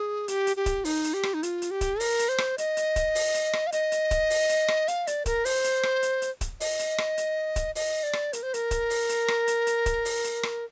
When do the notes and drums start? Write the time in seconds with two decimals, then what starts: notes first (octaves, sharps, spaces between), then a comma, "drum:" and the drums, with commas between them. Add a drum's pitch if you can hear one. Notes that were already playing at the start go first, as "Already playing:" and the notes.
Already playing: G#4
0.28 G4, drum: hi-hat
0.47 drum: hi-hat
0.57 G4
0.66 drum: kick D1, hi-hat
0.85 D#4, drum: open hi-hat
1.04 drum: hi-hat
1.14 G4
1.23 drum: rim click
1.34 D#4
1.43 F4, drum: hi-hat
1.62 drum: hi-hat
1.71 G4
1.81 drum: kick D1, hi-hat
2.00 A#4, drum: open hi-hat
2.19 drum: hi-hat
2.29 C5
2.38 drum: rim click
2.58 D#5, drum: hi-hat
2.77 drum: hi-hat
2.96 drum: kick D1, hi-hat
3.15 drum: open hi-hat
3.34 drum: hi-hat
3.53 drum: rim click
3.67 F5
3.72 D#5, drum: hi-hat
3.92 drum: hi-hat
4.11 drum: kick D1, hi-hat
4.30 drum: open hi-hat
4.49 drum: hi-hat
4.68 drum: rim click
4.88 F5, drum: hi-hat
5.07 D5, drum: hi-hat
5.26 A#4, drum: kick D1, hi-hat
5.45 C5, drum: open hi-hat
5.64 drum: hi-hat
5.83 drum: rim click
6.03 drum: hi-hat
6.22 drum: hi-hat
6.41 drum: kick D1, hi-hat
6.60 D#5, drum: open hi-hat
6.79 drum: hi-hat
6.98 drum: rim click
7.18 drum: hi-hat
7.56 drum: kick D1, hi-hat
7.75 D#5, drum: open hi-hat
8.03 D5
8.13 drum: rim click
8.33 A#4, drum: hi-hat
8.43 C5
8.54 A#4, drum: hi-hat
8.71 drum: kick D1, hi-hat
8.90 drum: open hi-hat
9.09 drum: hi-hat
9.28 drum: rim click
9.48 drum: hi-hat
9.67 drum: hi-hat
9.86 drum: kick D1, hi-hat
10.05 drum: open hi-hat
10.24 drum: hi-hat
10.43 drum: rim click